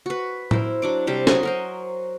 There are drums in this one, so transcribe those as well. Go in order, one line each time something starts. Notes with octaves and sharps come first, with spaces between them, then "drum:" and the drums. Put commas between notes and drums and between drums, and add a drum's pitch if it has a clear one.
F#4 B4
E4 A#4 C5, drum: tom A2
F#3 D4 D6
C3 G3 C5 G5
F#3 D#5 G#5, drum: snare
F#4 A#4 C5